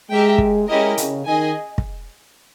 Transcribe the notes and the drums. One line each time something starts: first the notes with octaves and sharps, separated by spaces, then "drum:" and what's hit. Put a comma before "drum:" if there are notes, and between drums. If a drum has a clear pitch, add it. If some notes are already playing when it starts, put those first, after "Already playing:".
G#3 G4 A#4 E5 G5
drum: kick
G#3 C#4 E4 G4 A#4 D#5
C#3, drum: hi-hat
D#3 G#4 D#5 G#5
drum: kick